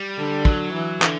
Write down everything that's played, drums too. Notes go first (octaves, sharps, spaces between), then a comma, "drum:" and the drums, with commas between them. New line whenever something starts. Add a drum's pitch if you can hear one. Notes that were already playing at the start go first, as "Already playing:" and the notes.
Already playing: G3
D3
F#3, drum: kick
E3
D3, drum: clap